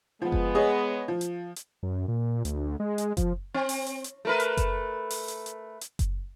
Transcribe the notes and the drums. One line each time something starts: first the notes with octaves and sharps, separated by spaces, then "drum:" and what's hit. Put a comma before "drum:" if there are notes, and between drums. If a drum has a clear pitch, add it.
F3 G#3 B3
drum: kick F#1
G#4 C#5 D#5
F3
drum: hi-hat
drum: hi-hat
F#2
A#2
D2, drum: hi-hat
G#3
drum: hi-hat
F3, drum: kick F#1, hi-hat
C4
drum: open hi-hat
drum: hi-hat
drum: hi-hat
A3 A#4 B4
drum: hi-hat
drum: kick F#1, hi-hat
drum: open hi-hat
drum: hi-hat
drum: hi-hat
drum: hi-hat
drum: kick F#1, hi-hat